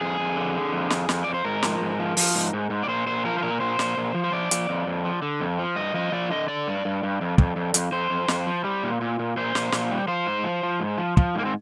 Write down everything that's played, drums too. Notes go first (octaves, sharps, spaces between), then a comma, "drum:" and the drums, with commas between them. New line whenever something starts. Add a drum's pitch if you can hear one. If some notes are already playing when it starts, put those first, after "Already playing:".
F2 G#4
F2
D3
D3
F2
F2, drum: snare
F2, drum: snare
F2 D5
C5
G#2 A#4
F3, drum: snare
G#2
F3
F3, drum: open hi-hat
G#2
G#2
G#2
D5
A#2 C5
A#2 C5
F3 A#4
C5
A#2 A#4
A#2 C5
A#2, drum: snare
A#2
F3
C5
F3 D5
F3, drum: hi-hat
F2
F2
F3
D3
F2
F3
G2 D#5
F3 D#5
F3 D5
D3 D#5
D3 D5
G2
G2
G2
F2
F2, drum: kick
F2
F2, drum: hi-hat
F2 C5
F2
F2, drum: snare
F3
G3
A#2
A#2
A#2
A#2 C5
A#2, drum: snare
A#2, drum: snare
G3
F3 C5
G#2
F3
F3
G#2
F3
F3, drum: kick
G#2 A#3
C4